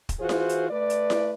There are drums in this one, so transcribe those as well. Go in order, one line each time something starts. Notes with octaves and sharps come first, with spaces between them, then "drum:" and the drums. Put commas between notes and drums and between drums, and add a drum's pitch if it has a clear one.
drum: kick, hi-hat
E3 F4 F#4 G#4 C5
drum: snare E4
drum: hi-hat
A3 B4 D5
drum: hi-hat
drum: snare E4